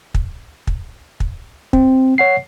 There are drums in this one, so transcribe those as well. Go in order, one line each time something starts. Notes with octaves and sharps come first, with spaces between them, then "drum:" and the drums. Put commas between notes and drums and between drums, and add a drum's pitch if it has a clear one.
drum: kick
drum: kick
drum: kick
C4, drum: kick
C#5 F#5 C7